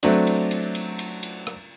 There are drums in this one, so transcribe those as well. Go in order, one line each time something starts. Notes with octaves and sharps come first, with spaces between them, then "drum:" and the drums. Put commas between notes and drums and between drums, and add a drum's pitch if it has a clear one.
F#3 A3 C4 D4, drum: cymbal
drum: cymbal
drum: cymbal
drum: cymbal
drum: cymbal
drum: cymbal
drum: rim click